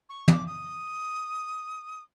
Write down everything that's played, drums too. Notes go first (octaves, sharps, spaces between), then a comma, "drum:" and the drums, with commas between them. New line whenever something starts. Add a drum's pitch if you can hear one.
C#6
D6, drum: tom
D#6